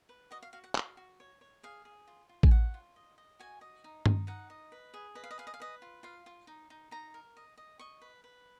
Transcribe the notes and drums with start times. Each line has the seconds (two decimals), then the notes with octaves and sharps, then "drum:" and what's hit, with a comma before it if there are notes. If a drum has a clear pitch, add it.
0.09 B4
0.31 F#4 D#5
0.42 F5
0.53 F#4 F5
0.64 F#5
0.75 F#4 F5, drum: clap
0.97 F#4
1.20 C#5
1.41 C#5
1.63 G#4 F5
1.85 G#4
2.08 F4
2.29 F4
2.43 G#5, drum: kick A1
2.51 C#5 F#5
2.74 F4
2.96 D#5
3.18 D#5
3.40 F#4 G#5
3.61 D#5
3.84 D#4
4.06 D#4, drum: tom G2
4.27 D#4 F#5
4.50 D#5
4.72 B4
4.94 G#4
5.15 B4 D#5
5.24 F5
5.31 D#5
5.38 G#4 F5
5.47 D#5
5.54 F5
5.60 B4 D#5
5.82 F4
6.03 F4 F5
6.26 F4
6.47 D#4
6.70 D#4
6.91 D#4 A#5
7.14 A#4
7.37 D#5
7.57 D#5
7.79 D#5 C#6
8.01 B4
8.24 B4